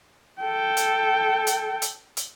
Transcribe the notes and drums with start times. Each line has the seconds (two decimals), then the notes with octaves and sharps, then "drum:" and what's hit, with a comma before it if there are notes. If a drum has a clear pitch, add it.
0.42 A4 G5
0.77 drum: hi-hat
1.47 drum: hi-hat
1.82 drum: hi-hat
2.17 drum: hi-hat